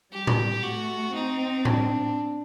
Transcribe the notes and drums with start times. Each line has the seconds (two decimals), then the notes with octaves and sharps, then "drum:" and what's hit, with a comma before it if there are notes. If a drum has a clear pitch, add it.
0.12 G3 G4
0.27 drum: tom A2
0.63 A3 F#4
1.14 C4 D#4
1.65 D4, drum: tom A2